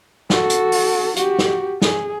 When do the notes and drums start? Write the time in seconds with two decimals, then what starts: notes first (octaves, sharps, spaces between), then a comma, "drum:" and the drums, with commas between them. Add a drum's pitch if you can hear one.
0.30 F#4 A4, drum: snare
0.50 drum: hi-hat
0.72 drum: open hi-hat
1.16 F#4 G4, drum: hi-hat
1.39 drum: snare
1.82 G#4, drum: snare